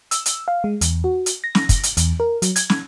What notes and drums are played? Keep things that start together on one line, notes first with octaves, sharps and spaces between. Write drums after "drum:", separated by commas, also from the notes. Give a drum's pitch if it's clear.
E6, drum: hi-hat
drum: hi-hat
F5
G#3
E2, drum: hi-hat
F#4
drum: hi-hat
A#6
drum: snare
drum: kick, hi-hat
drum: hi-hat
E2, drum: hi-hat
A#4
F#3, drum: hi-hat
G#6, drum: hi-hat
drum: snare